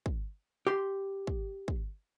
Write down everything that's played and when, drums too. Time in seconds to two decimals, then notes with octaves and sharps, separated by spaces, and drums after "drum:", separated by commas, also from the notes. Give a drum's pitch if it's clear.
0.06 drum: kick
0.67 G4 C6
1.27 drum: kick
1.68 drum: kick